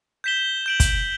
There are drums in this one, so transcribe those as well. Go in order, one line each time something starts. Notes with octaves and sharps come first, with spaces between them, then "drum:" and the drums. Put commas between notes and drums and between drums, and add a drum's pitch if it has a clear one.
G6 B6 E7 G7
G6 D7 F#7
drum: kick, hi-hat